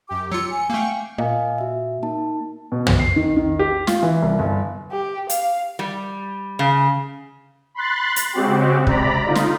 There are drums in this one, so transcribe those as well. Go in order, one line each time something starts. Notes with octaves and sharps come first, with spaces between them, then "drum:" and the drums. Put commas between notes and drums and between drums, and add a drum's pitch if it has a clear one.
F#2 G4 D6
F#3 F4 E6 C#7
G#5
A3 A#3 F5 G5 C#6
A#2 D#5 F5 G#5
F#4 E5
A#3 D#4 A5
B2
drum: tom
C7
D#3
D#3
G4
F4, drum: snare
E3
C2
G1
G4
F5, drum: hi-hat
G3
C#3
B5 C6 F#6 A6
drum: hi-hat
C#3 G#3 C4 F#4 G4
C3 D5 A#5 B5, drum: kick
D3 D#4 F4
drum: snare